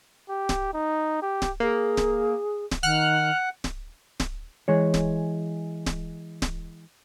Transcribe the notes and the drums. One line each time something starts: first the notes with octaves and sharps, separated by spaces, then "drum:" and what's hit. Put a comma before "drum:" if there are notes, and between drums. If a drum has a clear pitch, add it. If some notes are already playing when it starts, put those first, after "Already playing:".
G4
drum: snare D1
D#4
G4
drum: snare D1
A#3 G#4
drum: snare D1
drum: snare D1
D#3 F#5 F6 F#6
drum: snare D1
drum: snare D1
E3 G#3 C#5
drum: snare D1
drum: snare D1
drum: snare D1